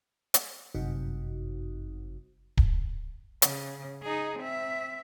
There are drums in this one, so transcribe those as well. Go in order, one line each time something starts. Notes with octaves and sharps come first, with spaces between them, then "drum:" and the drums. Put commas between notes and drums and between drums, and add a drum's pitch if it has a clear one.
drum: hi-hat
G1 F#2 C3 D#4 F#4
drum: kick D1
C#3, drum: hi-hat
D#4 G#4
C4 E5